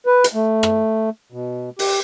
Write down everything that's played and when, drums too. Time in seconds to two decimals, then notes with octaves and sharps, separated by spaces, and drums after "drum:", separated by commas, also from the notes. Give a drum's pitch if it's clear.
0.06 B4
0.24 drum: hi-hat
0.34 A3
0.63 drum: rim click
1.32 B2
1.79 G4, drum: open hi-hat